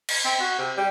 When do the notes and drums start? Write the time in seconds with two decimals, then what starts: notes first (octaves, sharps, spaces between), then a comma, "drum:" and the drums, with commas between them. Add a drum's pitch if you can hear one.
0.09 drum: cymbal
0.25 C4
0.40 F#4
0.58 C3
0.77 G3